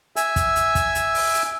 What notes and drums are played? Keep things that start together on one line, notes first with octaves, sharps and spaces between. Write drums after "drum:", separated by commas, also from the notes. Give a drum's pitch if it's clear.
E5 G#5 E6, drum: hi-hat
drum: kick, hi-hat
drum: hi-hat
drum: kick, hi-hat
drum: hi-hat
drum: open hi-hat
drum: hi-hat